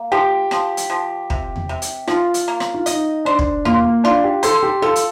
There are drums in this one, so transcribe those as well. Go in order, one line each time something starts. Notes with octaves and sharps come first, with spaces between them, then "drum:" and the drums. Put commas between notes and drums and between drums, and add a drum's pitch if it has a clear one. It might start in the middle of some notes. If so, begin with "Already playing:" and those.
Already playing: A#3
F3 G4
F3, drum: rim click
drum: hi-hat
F3
C3, drum: kick
drum: tom E2
C3
drum: hi-hat
F3 F4, drum: rim click
drum: hi-hat
A#3
drum: rim click
F4
D#4 D#5, drum: hi-hat
D4 C5
drum: kick
A#3 F4, drum: tom E2
A#3
D4 F4
G4
A4 C5, drum: hi-hat
G4
F4 A4
drum: hi-hat